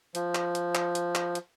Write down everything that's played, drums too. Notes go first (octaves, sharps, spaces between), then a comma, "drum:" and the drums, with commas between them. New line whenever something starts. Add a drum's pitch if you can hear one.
F3, drum: hi-hat
drum: clap
drum: hi-hat
drum: clap
drum: hi-hat
drum: clap
drum: hi-hat